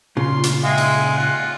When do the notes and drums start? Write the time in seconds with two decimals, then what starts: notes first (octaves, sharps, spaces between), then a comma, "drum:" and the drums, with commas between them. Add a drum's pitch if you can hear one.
0.17 A#2 C#3 F4 C6
0.43 drum: hi-hat
0.63 G#3 E5 F5 G5
0.78 drum: cymbal
1.17 F4 F#5